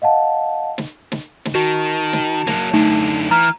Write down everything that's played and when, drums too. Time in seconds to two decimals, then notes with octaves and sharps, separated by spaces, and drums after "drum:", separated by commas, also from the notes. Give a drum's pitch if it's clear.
0.02 D#5 F5 F#5 A5
0.78 drum: snare
1.12 drum: snare
1.45 drum: snare
1.55 D#3 F#4 A5
2.13 drum: snare
2.47 F#3 A#3, drum: snare
2.73 F#2 D3 A3 D#4
3.31 E3 A#5 F6